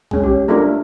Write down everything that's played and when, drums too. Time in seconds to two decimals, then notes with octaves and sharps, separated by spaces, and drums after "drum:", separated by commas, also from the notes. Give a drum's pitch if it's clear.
0.11 G#3 C#4, drum: kick
0.24 G4
0.48 A3 D4 F4 A4 A#4